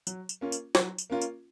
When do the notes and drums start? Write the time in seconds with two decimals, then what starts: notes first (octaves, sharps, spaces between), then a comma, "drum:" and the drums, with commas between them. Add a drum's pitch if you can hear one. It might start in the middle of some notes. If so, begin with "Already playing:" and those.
0.07 F#3, drum: tambourine
0.29 drum: tambourine
0.41 A#3 C#4 F4 A#4
0.52 drum: tambourine
0.75 F#3, drum: snare
0.98 drum: tambourine
1.10 A#3 C#4 F4 A#4
1.22 drum: tambourine